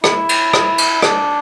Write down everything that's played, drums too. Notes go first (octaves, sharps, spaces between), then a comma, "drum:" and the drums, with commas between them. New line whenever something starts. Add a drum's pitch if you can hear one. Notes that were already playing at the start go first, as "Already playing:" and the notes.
E4, drum: rim click
drum: cymbal
drum: rim click
drum: cymbal
D4, drum: rim click